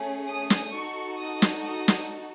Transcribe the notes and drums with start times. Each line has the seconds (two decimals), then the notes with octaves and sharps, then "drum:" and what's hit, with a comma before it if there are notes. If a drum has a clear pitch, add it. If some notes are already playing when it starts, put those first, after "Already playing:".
Already playing: A3 C#4 G#4
0.27 D#6
0.50 drum: snare
0.73 D#4 F#4 A4 C#6
1.19 D#6
1.42 drum: snare
1.65 D#6
1.88 drum: snare